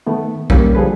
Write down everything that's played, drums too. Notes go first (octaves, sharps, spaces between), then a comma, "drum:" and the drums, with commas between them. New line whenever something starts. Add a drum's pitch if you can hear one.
D#3 A3 B3
G3 A#3 C#4, drum: kick A#1
D3 F3 G3 G#4 A4 B4